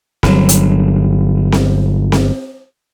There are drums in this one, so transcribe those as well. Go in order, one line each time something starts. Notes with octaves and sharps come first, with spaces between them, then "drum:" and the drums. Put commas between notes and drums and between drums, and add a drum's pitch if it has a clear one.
G1 F#3, drum: snare C4
drum: hi-hat
drum: snare C4
drum: snare C4